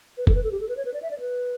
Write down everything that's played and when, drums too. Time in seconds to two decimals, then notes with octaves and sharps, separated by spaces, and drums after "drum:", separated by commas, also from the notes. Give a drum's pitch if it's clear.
0.17 B4
0.27 A4, drum: kick F1
0.35 B4
0.44 A4
0.52 G4
0.61 A4
0.69 B4
0.77 C#5
0.85 B4
0.94 D5
1.02 E5
1.11 D5
1.20 B4